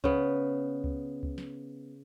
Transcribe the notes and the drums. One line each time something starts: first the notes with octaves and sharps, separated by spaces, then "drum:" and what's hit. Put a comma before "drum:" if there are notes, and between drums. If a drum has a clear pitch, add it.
C#3 B3, drum: kick C#2
drum: kick C#2
drum: kick C#2
drum: snare